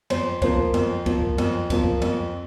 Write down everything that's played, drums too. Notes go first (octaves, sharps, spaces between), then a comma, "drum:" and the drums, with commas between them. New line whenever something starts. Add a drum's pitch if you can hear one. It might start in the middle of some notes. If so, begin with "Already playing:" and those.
F2 C5, drum: cymbal
F3 A#3 C5, drum: kick, cymbal
drum: kick
F2, drum: cymbal
F3 A#3, drum: kick, cymbal
drum: kick
F2, drum: cymbal
F3 A#3, drum: kick, cymbal
drum: kick
F2, drum: cymbal